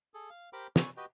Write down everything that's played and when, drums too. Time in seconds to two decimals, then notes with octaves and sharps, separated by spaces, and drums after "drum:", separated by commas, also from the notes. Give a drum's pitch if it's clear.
0.14 G#4 A4
0.30 F5
0.53 G4 A#4 C5 G5 B5 D6
0.76 B4 C#5 D5 G#5 C#6 E6, drum: snare
0.97 F#4 G4 B4 D#5 G5